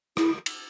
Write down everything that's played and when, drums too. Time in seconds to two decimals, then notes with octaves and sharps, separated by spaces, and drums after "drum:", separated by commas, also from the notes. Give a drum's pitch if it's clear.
0.17 E4, drum: rim click
0.46 drum: cymbal